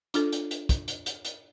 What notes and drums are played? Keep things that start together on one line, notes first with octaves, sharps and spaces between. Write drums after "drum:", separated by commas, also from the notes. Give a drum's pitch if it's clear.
D4 F4 A4, drum: hi-hat
drum: hi-hat
drum: hi-hat
drum: kick, hi-hat
drum: hi-hat
drum: hi-hat
drum: hi-hat